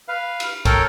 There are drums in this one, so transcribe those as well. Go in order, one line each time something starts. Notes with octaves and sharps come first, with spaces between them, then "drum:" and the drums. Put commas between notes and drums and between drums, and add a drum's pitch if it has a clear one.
B4 F5
drum: cymbal
A4 A#4 C#5 G5, drum: kick, cymbal